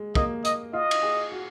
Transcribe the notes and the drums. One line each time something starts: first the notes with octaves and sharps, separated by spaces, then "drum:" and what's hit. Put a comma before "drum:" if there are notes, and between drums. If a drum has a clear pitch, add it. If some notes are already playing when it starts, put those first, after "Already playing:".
Already playing: G#3
A#3 D#5, drum: kick
D#5, drum: hi-hat
F4 D#5
drum: cymbal
G#4
F#4